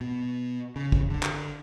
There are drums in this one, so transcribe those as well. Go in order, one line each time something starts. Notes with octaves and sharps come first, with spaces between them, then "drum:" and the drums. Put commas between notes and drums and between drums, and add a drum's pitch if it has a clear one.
B2
C#3
drum: kick
D3
drum: clap